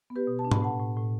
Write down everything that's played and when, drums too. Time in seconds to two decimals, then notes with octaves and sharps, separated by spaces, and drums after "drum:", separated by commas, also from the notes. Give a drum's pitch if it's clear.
0.10 B3
0.16 G4 B4
0.27 B2
0.39 A5
0.45 D4
0.51 B5, drum: tom G#2
0.62 A2 F#5 A5
0.79 A2
0.97 A2